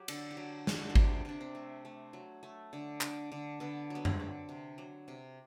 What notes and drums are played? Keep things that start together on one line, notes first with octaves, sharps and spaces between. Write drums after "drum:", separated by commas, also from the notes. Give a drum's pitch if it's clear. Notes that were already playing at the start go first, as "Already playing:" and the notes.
Already playing: F#3 G4
D3 A4, drum: cymbal
G4
F#3
D3, drum: snare
F#4
F#4
C3 G4, drum: kick G#1
C3 D4
C4
A3
A3
F#3
A3
D3
D3, drum: clap
D3
D3 B3
F#3 B3
C4, drum: tom F#2
D3
C3
F#3
C3